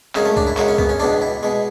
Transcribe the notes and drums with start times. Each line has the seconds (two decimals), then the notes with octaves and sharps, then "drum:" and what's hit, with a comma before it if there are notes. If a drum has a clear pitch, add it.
0.15 F#2 C#3 G#3 C#4, drum: clap
0.25 A3
0.37 D4, drum: kick C#2
0.47 E4
0.57 F#2 C#3 G#3 F#4, drum: clap
0.68 C#4
0.78 B3, drum: kick C#2
0.89 C#4
1.00 C#2 B2 G#3 D4
1.22 E4
1.43 B2 G#3